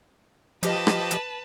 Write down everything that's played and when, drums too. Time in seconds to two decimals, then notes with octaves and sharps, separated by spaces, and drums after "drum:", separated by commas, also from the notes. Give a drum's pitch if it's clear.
0.63 F3 G4 B4 D#5 A5, drum: hi-hat
0.87 drum: rim click
1.11 drum: hi-hat